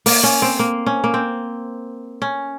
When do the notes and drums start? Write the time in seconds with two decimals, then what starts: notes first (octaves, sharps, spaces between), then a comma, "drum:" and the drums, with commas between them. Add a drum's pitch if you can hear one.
0.06 A#3, drum: open hi-hat
0.23 C#4
0.42 C4
0.59 A#3
0.86 C#4
1.04 A#3
1.14 C4
2.22 C#4